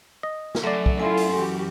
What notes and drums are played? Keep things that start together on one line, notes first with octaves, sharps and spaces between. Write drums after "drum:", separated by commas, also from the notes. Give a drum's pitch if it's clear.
D#5
drum: snare
F#2 A3 D5
drum: kick
E4 F4 A4 G#5 C6
drum: open hi-hat
E3 F#4 G4